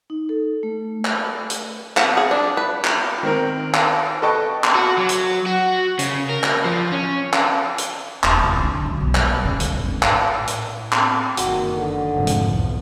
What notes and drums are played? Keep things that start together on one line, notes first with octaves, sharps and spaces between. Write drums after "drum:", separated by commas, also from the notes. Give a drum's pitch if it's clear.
D#4
A4
A3
drum: clap
drum: hi-hat
F#5, drum: clap
G#4
D4
B4
drum: clap
D#3 C4 A#4
drum: clap
A4 B4 D#5 G5 A5 C#6
drum: clap
F#4
F#3
drum: hi-hat
F#4
C#3, drum: hi-hat
A#4
drum: clap
F3
C#4
drum: clap
drum: hi-hat
E1, drum: clap
C2
D3
F#2
B1
G3, drum: clap
C#3
E2, drum: hi-hat
G#1
G#1
drum: clap
A2
drum: hi-hat
C4, drum: clap
F#1 D#3 F#4, drum: hi-hat
D3
F1 G#2 F3
drum: hi-hat
B1 E2